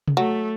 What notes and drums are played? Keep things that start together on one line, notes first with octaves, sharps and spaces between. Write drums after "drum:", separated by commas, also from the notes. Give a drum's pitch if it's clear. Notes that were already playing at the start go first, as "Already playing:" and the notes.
drum: tom C3
F#3 A3